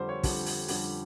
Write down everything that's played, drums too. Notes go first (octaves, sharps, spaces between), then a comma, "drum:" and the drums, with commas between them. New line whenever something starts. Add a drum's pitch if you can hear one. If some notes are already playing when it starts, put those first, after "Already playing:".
Already playing: F2 D3 G3 C5
C#5
F2 D3 G3, drum: kick, open hi-hat
drum: open hi-hat
F2 D3 G3, drum: open hi-hat